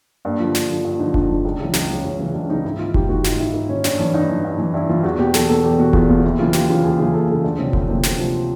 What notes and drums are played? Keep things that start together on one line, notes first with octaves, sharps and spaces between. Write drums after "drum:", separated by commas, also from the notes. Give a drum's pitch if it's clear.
G2 A#3
D3 F3
G2, drum: snare
D3 F3
G2
D3 F3 D#4
G2 D4, drum: kick F1
D3 F3
C#2
C#3 E3
C#2, drum: snare
C#3 E3
C#2 C#4
C#3 E3 C#4
C#2 D4
C#3 E3 D#4
G#2 E4
D#3 F4
G#2 G4, drum: kick F1
D#3 F#4
F#4
G#2 F4, drum: snare
D#3 E4
G#2
D#3 C#4
G2 C#4, drum: snare
E3 D4
G2 D#4
E3
G2
E3
G2 E4
E3 F4
E2 F#4
B2 G4
E2 A4, drum: snare
B2 A4
E2 G4
B2 F#4
E2 F4, drum: kick F1
B2 F4
D#2 E4
C#3 E3 F4
D#2 G4, drum: snare
C#3 E3 F4
D#2 G#4
C#3 E3 G#4
D#2 A4
C#3 E3 G#4
D2 D4
C3 F3 C#4
D2 C4, drum: kick F1
C3 F3 A#3
D2 C4, drum: snare
C3 F3